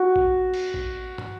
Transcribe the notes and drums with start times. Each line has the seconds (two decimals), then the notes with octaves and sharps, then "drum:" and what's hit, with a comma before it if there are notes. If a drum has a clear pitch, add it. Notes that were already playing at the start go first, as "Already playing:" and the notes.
Already playing: F#4
0.16 drum: kick A1
0.54 drum: cymbal
0.74 drum: kick A1
1.18 drum: tom